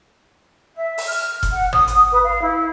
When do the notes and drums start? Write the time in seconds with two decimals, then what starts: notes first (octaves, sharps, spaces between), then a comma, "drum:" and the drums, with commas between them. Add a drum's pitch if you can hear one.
0.75 E5
0.98 drum: open hi-hat
1.07 F6
1.43 drum: kick E1, hi-hat
1.52 F#5
1.73 D#6, drum: tom
1.88 drum: hi-hat
2.11 B4
2.24 F5
2.42 E4